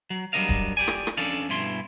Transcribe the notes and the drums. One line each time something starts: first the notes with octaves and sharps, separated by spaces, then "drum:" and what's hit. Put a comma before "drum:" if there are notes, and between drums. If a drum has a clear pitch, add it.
F#3
F#3 G3 D4 A#4 D#5 F5
drum: kick D1
G4 D5 G#5
drum: rim click
drum: rim click
F2 C#4 D4 A4 D5 F5
G2 B2 E4 C6